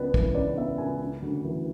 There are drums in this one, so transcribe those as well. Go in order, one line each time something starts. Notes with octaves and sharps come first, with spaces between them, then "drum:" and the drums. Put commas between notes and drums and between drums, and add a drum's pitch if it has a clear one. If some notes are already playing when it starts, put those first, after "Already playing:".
Already playing: C#2 C#3 B3 B4 D5
E3, drum: kick
C#3 D5
B3 E5
C#2 G#5
C#3
D2
E3